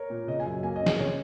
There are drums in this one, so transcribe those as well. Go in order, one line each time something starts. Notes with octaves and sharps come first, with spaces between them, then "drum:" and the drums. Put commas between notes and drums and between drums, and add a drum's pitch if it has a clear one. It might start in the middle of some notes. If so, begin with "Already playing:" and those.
Already playing: A#4 C#5
A#2
C#3 D#5
G#5
F#2
A#3 G#5
D#5
C#4
G#4, drum: snare
C#3 C#5